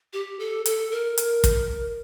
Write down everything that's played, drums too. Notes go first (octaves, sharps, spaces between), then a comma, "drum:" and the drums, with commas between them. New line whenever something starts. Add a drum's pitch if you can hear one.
G4
A4
A4, drum: hi-hat
A#4
drum: hi-hat
drum: kick, hi-hat